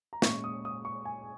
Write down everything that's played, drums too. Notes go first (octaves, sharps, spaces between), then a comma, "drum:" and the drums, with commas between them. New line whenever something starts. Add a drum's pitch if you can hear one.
A#5
A#2 G#3 C#4 C#6, drum: snare
D#6
D#6
C#6
G#5